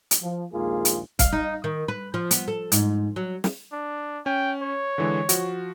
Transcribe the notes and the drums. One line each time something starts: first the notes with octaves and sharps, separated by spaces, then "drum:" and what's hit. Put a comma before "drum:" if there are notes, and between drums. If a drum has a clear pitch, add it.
drum: hi-hat
F3
A#1 D#2 G#3 A#3 F4 G#4
drum: hi-hat
F5, drum: kick, hi-hat
D#4
D#3
B4
F3
B3, drum: hi-hat
A4
G#2, drum: hi-hat
F#3
drum: snare
D4
C#4 G5
C#5
D3 E3 G#3
F3 F#4, drum: hi-hat